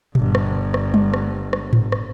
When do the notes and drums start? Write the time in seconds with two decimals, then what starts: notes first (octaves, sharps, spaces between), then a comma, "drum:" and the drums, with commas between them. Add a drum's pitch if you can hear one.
0.15 G1 G2, drum: tom A#2
0.35 drum: rim click
0.74 drum: rim click
0.94 drum: tom G3
1.14 drum: rim click
1.53 drum: rim click
1.73 drum: tom G#2
1.92 drum: rim click